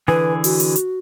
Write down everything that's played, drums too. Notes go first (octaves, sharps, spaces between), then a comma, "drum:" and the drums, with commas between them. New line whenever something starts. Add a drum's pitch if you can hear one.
D3 E3 G#4 B4
F#4, drum: open hi-hat
drum: hi-hat
drum: hi-hat